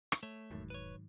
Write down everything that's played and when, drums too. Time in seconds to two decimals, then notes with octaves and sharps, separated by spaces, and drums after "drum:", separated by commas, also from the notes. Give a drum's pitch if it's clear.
0.12 drum: rim click
0.23 A3 C#5
0.51 E1 G#2 D#3 F#3
0.70 B4 C#5